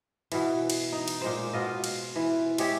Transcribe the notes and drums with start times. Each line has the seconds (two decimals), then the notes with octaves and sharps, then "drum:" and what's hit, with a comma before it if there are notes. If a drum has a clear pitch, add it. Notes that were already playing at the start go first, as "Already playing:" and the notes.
0.32 B2 E3, drum: cymbal
0.70 drum: cymbal
0.92 D#4
1.08 drum: cymbal
1.21 A#2 G#3 C5
1.53 B2 F4 D#5
1.84 drum: cymbal
2.16 E3
2.58 G#3 G4 C#5 E5, drum: cymbal